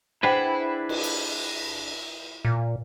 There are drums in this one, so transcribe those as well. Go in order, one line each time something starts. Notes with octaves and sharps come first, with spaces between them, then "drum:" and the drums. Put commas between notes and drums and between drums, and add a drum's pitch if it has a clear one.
D4 E4 G#4 B4 C5 F#5 G5 B5
drum: cymbal
drum: hi-hat
A#2